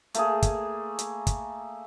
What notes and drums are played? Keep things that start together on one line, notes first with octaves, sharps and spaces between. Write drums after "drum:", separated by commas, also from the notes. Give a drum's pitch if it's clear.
A3 A#3 G#4, drum: hi-hat
drum: kick, hi-hat
drum: hi-hat
drum: kick, hi-hat